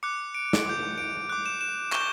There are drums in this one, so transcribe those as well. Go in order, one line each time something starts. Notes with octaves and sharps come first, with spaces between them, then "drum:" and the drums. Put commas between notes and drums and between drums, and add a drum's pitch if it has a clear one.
D6 F#6 C#7
D7
drum: snare
D6 G6
D7
D6 F#6
E7
E7
C#6 G6 G7, drum: clap